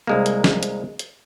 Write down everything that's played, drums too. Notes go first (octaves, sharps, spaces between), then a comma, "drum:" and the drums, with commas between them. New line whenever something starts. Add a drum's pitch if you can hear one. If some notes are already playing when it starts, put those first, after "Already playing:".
C2 G#3 A#3
drum: hi-hat
drum: snare
drum: hi-hat
drum: hi-hat